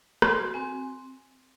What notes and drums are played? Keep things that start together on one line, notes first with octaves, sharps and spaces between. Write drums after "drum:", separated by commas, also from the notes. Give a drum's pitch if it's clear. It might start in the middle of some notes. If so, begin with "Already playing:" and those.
F#4 C6, drum: rim click
C4 G#5